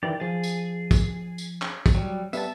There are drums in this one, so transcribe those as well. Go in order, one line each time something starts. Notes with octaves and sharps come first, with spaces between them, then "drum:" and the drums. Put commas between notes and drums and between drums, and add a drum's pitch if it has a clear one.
D#3 E3 E4 G4 D5
F3 G#4 A6
drum: tambourine
drum: kick, tambourine
drum: tambourine
drum: clap
drum: kick, tambourine
F#3 G3
G3 B3 E5 A5, drum: tambourine